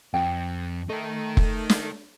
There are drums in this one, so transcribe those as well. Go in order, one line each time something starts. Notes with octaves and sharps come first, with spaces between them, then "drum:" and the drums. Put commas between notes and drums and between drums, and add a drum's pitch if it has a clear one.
F2 G5
A3 D#4 A#4
drum: kick F1
drum: snare